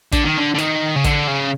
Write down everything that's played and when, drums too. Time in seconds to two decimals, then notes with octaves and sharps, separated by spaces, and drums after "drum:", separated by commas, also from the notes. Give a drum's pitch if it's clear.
0.12 D3, drum: kick, hi-hat
0.25 D#3
0.38 D3
0.54 D3
0.58 D#3, drum: hi-hat
0.96 C#3
1.04 D3, drum: kick, hi-hat
1.27 C#3